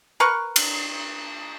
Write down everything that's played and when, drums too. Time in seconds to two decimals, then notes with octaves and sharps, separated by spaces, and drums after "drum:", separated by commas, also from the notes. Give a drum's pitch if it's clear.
0.20 A#4 B4 C#6
0.56 drum: cymbal